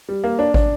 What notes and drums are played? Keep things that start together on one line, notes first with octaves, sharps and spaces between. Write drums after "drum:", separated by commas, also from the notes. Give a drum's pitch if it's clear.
G3
A#3
D4
D4, drum: kick